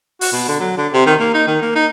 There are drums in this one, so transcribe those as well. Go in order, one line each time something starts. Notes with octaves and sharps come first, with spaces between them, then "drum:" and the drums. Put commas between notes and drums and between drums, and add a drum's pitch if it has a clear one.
F#4, drum: open hi-hat
B2
D3
F#3
D3
C3
D#3
A#3
D#4
D#3
A#3
D#4